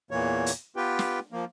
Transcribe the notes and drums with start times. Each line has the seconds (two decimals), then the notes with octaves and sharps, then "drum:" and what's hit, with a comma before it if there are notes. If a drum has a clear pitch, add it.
0.11 E2 A#2 E3 A#3 C#5
0.46 drum: hi-hat
0.76 B3 F4 G4 B4 G5
0.99 drum: snare
1.32 F3 A#3